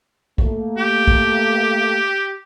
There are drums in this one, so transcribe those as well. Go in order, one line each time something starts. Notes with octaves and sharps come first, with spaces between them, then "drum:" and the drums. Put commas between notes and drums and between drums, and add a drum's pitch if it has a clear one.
A3 A#3, drum: kick
G4
drum: kick